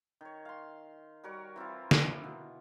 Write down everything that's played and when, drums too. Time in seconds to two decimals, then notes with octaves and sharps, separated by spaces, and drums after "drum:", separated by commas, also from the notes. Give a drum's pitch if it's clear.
0.21 D#3 C#5
0.45 F5 C6
1.24 G3 F#4 A#4 C#5
1.56 E3 C4 E4 F4
1.91 drum: snare
2.24 B2